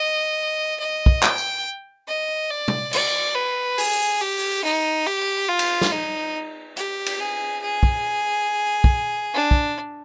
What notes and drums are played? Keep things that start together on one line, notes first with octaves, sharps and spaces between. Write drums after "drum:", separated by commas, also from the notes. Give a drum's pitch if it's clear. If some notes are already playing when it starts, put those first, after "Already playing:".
Already playing: D#5
D#5
drum: kick
G5, drum: clap
drum: tambourine
D#5
D5
drum: tom C3
D5, drum: cymbal
B4
G#4, drum: open hi-hat
G4
drum: open hi-hat
D#4
G4
F4
drum: cymbal
drum: snare
D#4
G4, drum: hi-hat
drum: cymbal
G#4
G#4
drum: kick
drum: kick
D4
drum: kick